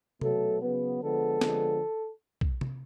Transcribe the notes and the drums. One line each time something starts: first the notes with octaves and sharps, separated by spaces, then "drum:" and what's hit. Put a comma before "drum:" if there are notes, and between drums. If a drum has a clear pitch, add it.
B2 F#3 A3 A4, drum: tom C3
C#3 F#3 B3
D3 F3 G#3 B3 A4
D3 F3 G#3 B3, drum: snare
drum: kick
drum: tom C3